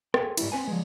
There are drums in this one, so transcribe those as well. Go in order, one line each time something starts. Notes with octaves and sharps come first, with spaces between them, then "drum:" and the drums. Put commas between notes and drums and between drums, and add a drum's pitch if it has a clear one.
G#4 A4 D5 F5 G5, drum: rim click
G#2 G3 E4, drum: cymbal
C4 B4 G#5
F3 G#3